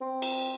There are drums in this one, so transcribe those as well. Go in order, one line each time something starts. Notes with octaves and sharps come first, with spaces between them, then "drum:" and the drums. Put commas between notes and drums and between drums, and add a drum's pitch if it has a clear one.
C4
drum: cymbal